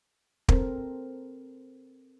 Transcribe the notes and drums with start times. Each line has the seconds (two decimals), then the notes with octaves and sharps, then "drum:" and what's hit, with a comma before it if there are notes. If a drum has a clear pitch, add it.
0.49 C4 A4 A#4 C5, drum: kick